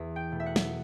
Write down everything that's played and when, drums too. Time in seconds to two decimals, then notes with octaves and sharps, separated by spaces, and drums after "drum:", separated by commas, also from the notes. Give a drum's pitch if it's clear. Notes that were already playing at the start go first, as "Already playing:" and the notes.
Already playing: E2 E5
0.16 G5
0.31 B2 A3
0.40 E5
0.46 F#5
0.56 drum: snare